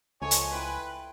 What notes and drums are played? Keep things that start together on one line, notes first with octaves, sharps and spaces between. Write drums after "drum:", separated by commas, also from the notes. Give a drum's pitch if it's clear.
C#2 F3 G#3 A4 C#5 G#5
drum: hi-hat
E4 B4 G5 C6